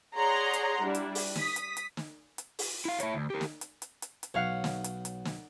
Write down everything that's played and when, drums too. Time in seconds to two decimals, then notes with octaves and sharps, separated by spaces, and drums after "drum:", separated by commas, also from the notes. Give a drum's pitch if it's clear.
0.15 G#4 C#5 D5 F#5 A#5 C6
0.54 drum: hi-hat
0.81 G3 D4 E4
0.95 drum: hi-hat
1.15 drum: open hi-hat
1.36 D#6 B6, drum: snare
1.56 drum: hi-hat
1.77 drum: hi-hat
1.97 drum: snare
2.38 drum: hi-hat
2.59 drum: open hi-hat
2.85 E4 F5
3.00 E4 C#5, drum: hi-hat
3.13 D2
3.30 G4 A#4
3.41 drum: snare
3.61 drum: hi-hat
3.82 drum: hi-hat
4.02 drum: hi-hat
4.23 drum: hi-hat
4.34 B1 C#5 F5 F#5
4.64 drum: snare
4.84 drum: hi-hat
5.05 drum: hi-hat
5.25 drum: snare